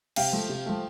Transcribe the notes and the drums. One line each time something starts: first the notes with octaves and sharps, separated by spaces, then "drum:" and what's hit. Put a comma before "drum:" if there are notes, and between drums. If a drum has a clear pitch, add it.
C3 F5 G5, drum: cymbal
F3 A3
C3
F3 A3